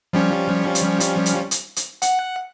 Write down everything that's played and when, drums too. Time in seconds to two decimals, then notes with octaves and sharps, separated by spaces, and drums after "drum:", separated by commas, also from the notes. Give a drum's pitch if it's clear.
0.13 F3 G3 C#4
0.75 drum: hi-hat
1.00 drum: hi-hat
1.26 drum: hi-hat
1.51 drum: hi-hat
1.76 drum: hi-hat
2.02 F#5, drum: hi-hat